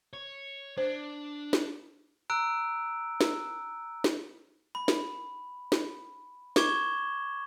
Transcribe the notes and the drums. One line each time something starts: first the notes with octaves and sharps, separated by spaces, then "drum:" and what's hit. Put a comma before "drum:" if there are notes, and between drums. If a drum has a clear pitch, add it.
C#5
D4 C5
drum: snare
A#5 E6 F#6 D7
drum: snare
drum: snare
B5
drum: snare
drum: snare
C#6 D6 G#6 E7 G7, drum: snare